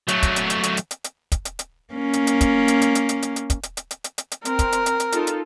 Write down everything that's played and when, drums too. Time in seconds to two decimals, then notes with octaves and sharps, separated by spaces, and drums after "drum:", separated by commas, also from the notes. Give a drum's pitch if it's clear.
0.08 F#3 A3, drum: hi-hat
0.23 drum: kick, hi-hat
0.36 drum: hi-hat
0.50 drum: hi-hat
0.63 drum: hi-hat
0.77 drum: hi-hat
0.91 drum: hi-hat
1.04 drum: hi-hat
1.32 drum: kick, hi-hat
1.45 drum: hi-hat
1.59 drum: hi-hat
1.93 A#3 C#4
2.13 drum: hi-hat
2.27 drum: hi-hat
2.41 drum: kick, hi-hat
2.68 drum: hi-hat
2.82 drum: hi-hat
2.95 drum: hi-hat
3.09 drum: hi-hat
3.22 drum: hi-hat
3.36 drum: hi-hat
3.50 drum: kick, hi-hat
3.63 drum: hi-hat
3.77 drum: hi-hat
3.91 drum: hi-hat
4.04 drum: hi-hat
4.18 drum: hi-hat
4.32 drum: hi-hat
4.45 C4 A#4, drum: hi-hat
4.59 drum: kick, hi-hat
4.72 drum: hi-hat
4.86 drum: hi-hat
5.00 drum: hi-hat
5.12 D#4 F4 A4, drum: hi-hat
5.27 drum: hi-hat